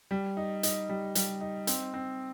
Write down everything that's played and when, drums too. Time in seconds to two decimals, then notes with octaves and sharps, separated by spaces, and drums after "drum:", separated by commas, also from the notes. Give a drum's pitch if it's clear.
0.11 G3
0.37 D#4
0.63 D#4, drum: hi-hat
0.89 G3
1.15 G3, drum: hi-hat
1.41 D#4
1.67 C4, drum: hi-hat
1.94 C4